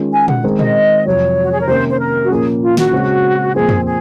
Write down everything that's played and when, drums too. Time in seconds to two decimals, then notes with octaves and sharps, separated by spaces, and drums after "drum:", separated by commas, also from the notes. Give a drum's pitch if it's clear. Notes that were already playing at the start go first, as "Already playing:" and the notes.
Already playing: D#3 G#3 C#4 F4
0.12 G#5
0.28 F#5, drum: tom A#2
0.43 D#3 G#3 C4
0.59 D#5, drum: tom A#2
1.06 F2 C3 F#3 C#5
1.42 F#4
1.51 G#4
1.59 A#4
1.67 C3 D#3 A#3 C#4 C5
1.89 C5
1.99 A#4
2.24 F#4
2.30 A#2 F3 A#3 C#4 G#4
2.62 F4
2.77 F#4, drum: snare
2.92 C#3 G#3 C4
3.54 A#2 F3 C4 F4 G#4
3.69 drum: tom F2
3.85 G#4